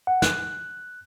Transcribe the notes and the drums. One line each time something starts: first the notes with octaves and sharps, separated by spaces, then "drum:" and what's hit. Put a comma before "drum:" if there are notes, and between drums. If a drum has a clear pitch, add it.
F#5
F#6, drum: snare